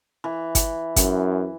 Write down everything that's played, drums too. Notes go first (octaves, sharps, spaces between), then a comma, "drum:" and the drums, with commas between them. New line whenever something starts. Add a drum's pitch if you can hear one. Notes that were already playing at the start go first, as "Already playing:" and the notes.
E3
drum: kick G1, hi-hat
F#2, drum: kick G1, hi-hat